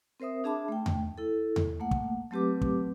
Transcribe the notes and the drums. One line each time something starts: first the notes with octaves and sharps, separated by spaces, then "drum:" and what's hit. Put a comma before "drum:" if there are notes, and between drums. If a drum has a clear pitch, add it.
C4 A#4 C5 E5 D#6
D4 G#4 E5 A5 B5 D6
A3 G5
drum: tom E2
E4 A4
drum: tom E2
A3 A#3 F#5
drum: kick
F#3 A3 C4 G4 B4 D6
drum: kick